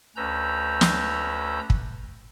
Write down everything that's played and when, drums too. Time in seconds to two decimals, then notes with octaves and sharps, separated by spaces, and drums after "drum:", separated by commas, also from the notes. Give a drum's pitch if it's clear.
0.16 D2 C#4 B4 A#5 E6 G6
0.81 drum: snare
1.70 drum: kick